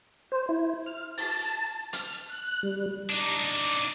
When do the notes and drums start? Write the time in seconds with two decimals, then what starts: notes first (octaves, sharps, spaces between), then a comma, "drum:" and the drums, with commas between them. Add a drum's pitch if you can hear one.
0.32 C5
0.49 E4
0.86 F6
1.18 A5, drum: open hi-hat
1.93 F6, drum: hi-hat
2.30 F#6
2.63 G3
3.10 D4 D#4